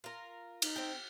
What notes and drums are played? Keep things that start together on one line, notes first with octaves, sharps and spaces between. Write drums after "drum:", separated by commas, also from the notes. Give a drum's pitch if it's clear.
F4 A#4
D#4, drum: cymbal
C4 G5